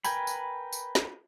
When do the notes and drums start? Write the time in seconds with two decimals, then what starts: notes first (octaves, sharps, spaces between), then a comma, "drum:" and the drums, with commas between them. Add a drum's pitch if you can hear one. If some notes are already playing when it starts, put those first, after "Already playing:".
0.04 A#4 B4 G5 G#5 B5, drum: tambourine
0.27 drum: tambourine
0.73 drum: tambourine
0.95 drum: snare